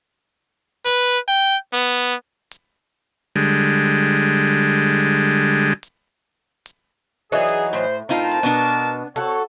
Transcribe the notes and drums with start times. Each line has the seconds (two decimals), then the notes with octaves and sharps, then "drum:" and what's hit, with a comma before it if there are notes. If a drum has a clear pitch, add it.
0.86 B4, drum: hi-hat
1.28 G5
1.73 B3
2.51 drum: hi-hat
3.36 D3 G3 G#3, drum: hi-hat
4.17 drum: hi-hat
5.00 drum: hi-hat
5.83 drum: hi-hat
6.66 drum: hi-hat
7.32 E3 F#3 D#4 G#4
7.49 drum: hi-hat
7.73 A2 C5
8.09 A2 C4 D#4 F4 A#4 A5
8.32 drum: hi-hat
8.43 B2 B3 D4
9.16 C4 F#4 A4 C#5, drum: hi-hat